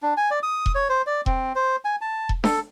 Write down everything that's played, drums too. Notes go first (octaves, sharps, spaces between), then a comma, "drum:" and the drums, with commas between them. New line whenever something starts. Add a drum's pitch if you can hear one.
D4
G#5
D5
D#6
drum: kick E1
C#5
C5
D5
C4, drum: kick E1
C5
G#5
A5
drum: kick E1
A4, drum: snare D4